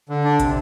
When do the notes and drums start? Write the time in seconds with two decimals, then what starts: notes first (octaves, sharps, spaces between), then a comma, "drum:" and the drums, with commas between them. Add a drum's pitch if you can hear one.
0.09 D3
0.24 D4
0.40 C3, drum: kick, hi-hat